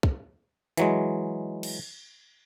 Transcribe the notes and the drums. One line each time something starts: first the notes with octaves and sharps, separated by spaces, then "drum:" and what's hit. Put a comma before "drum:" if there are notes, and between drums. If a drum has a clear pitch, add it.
drum: kick
E3 F#3 G#3, drum: hi-hat
drum: cymbal